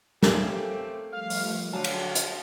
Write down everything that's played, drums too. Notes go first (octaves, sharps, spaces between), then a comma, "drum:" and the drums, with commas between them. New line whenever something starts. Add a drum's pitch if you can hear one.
A3 A#3 C4 C#4 G4 A4, drum: snare
F3 G3 A3 F5
drum: open hi-hat
D3 F#3 F#4 G#4 F5 A5
drum: cymbal
drum: hi-hat